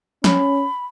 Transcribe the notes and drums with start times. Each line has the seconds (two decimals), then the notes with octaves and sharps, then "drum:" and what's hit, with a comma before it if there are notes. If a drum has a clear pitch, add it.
0.24 C#4 B5, drum: snare